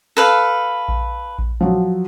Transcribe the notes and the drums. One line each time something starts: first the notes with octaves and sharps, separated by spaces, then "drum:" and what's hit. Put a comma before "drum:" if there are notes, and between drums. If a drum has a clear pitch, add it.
A4 B4 F5
drum: kick A#1
drum: kick A#1
F3 F#3